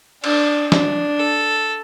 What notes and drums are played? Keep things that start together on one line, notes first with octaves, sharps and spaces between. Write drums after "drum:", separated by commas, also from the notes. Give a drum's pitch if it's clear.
D4, drum: cymbal
D4, drum: snare
A4